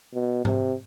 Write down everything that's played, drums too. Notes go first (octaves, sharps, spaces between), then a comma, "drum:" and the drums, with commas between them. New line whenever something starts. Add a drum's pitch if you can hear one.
B2
C3, drum: tom G#2